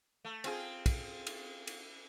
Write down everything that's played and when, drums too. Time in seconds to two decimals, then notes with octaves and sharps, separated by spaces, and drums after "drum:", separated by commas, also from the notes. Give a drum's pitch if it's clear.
0.25 A3
0.44 C4 F4 G#4, drum: cymbal
0.86 drum: kick, cymbal
1.27 drum: cymbal
1.67 drum: cymbal